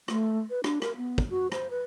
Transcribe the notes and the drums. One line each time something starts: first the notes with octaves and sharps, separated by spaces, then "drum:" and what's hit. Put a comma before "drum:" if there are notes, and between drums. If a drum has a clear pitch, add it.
A3, drum: rim click
B4
D4, drum: rim click
A#4, drum: rim click
B3
drum: kick
F#4
C5, drum: rim click
B4